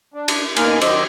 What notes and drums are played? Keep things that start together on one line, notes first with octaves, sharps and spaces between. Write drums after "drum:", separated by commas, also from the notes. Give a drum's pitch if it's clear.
D4
drum: cymbal
B2 A#3 D#4 A#4 G#5 F6, drum: cymbal
D#3 F#3 C5 D#5 D6 E6, drum: cymbal